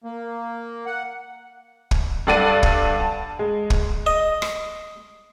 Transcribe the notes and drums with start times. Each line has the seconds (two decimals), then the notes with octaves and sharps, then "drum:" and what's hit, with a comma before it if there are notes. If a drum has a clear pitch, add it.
0.04 A#3
0.86 F#5
1.91 drum: kick
2.27 G2 A4 D5 F#5 A6 D#7
2.63 drum: kick
3.00 A5
3.39 G#3
3.70 drum: kick
4.06 D#5
4.42 drum: rim click